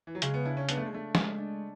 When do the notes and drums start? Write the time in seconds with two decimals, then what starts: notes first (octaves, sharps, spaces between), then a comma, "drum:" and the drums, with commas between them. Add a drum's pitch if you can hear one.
0.07 E3
0.15 F#3
0.22 C#3 G#3, drum: hi-hat
0.34 B3
0.45 D4 E4
0.57 C#4
0.69 B3 D4, drum: hi-hat
0.77 A3
0.85 G#3
0.92 A3 D4
1.15 G#3, drum: snare
1.38 D4